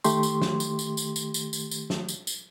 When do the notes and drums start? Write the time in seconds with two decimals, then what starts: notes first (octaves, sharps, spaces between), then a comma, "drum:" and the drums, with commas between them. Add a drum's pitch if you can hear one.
0.04 D#3 A3 G4 C6, drum: tambourine
0.23 drum: tambourine
0.42 drum: snare
0.60 drum: tambourine
0.79 drum: tambourine
0.97 drum: tambourine
1.16 drum: tambourine
1.34 drum: tambourine
1.53 drum: tambourine
1.71 drum: tambourine
1.90 drum: snare
2.09 drum: tambourine
2.27 drum: tambourine